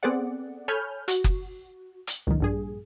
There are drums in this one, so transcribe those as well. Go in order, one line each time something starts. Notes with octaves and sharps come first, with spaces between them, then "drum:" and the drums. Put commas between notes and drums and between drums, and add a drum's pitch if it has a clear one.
B3 C4 G#4 A4 D5 F#5
A4 C#5 G#5 B5 F6 G6
F#4, drum: hi-hat
drum: kick F#1
drum: hi-hat
C#2 F#2 A#2 D#3
A#1 G2 G#4